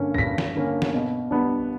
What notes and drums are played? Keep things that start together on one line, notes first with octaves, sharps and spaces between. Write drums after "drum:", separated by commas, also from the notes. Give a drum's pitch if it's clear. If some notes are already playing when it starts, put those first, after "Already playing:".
Already playing: G2 D3 A#3 C#4
A#6, drum: kick
G2 B6
drum: snare
D3 A#3 C#4
drum: snare
B2
G3 B3 D4